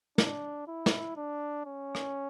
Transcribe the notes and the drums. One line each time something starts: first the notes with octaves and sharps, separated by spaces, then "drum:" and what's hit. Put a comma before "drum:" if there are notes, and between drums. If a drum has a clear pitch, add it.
D4, drum: snare
E4
drum: snare
D4
C#4
drum: rim click